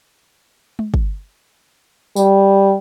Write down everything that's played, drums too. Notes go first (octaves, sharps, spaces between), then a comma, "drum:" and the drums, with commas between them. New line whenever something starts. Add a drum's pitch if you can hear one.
drum: tom G#3
drum: kick
G3, drum: tambourine